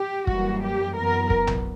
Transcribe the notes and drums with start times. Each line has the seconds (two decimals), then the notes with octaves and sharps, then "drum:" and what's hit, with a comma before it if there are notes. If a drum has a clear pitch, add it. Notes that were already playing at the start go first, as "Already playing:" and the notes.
Already playing: G4
0.27 F#2 E3 G3 A#3 F#4, drum: kick
0.62 G4
0.96 F#2 E3 B3 A#4
1.30 drum: kick
1.47 drum: tom A#1